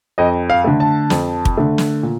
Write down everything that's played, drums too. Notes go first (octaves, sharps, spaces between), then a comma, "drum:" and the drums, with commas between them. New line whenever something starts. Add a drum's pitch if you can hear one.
F2 D#5
F5
D3 A3
A5
F2, drum: snare
drum: kick
D3 A3
drum: snare
A#2